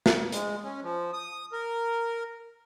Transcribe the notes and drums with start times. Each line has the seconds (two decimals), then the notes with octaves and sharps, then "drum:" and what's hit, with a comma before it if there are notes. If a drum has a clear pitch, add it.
0.06 drum: snare
0.32 G#3, drum: hi-hat
0.64 C#4
0.83 F3
1.13 D#6
1.53 A#4